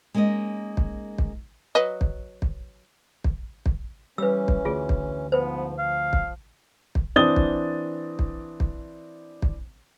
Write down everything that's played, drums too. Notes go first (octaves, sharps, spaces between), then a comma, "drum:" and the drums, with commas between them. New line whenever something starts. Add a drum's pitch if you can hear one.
G#3 A#3 C#4 D#4 D#5
drum: kick
drum: kick
F#3 B4 D#5
drum: kick
drum: kick
drum: kick
drum: kick
E3 G3 C#4 B4 E6
drum: kick
D2 F4 G#4
drum: kick
G#2 F3 B3 B4 C5
F3 F5
drum: kick
drum: kick
E3 C4 D4 D#6 A6 G7
drum: kick
drum: kick
drum: kick
drum: kick